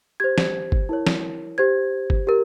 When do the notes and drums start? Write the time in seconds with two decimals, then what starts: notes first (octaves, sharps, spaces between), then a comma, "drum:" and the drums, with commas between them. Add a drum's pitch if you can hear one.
0.20 G4 C5 G#6
0.38 drum: snare
0.72 drum: kick G1
0.89 E4 A#4 C#5
1.07 drum: snare
1.58 G4 C5 G#6
2.10 drum: kick G1
2.27 G4 A#4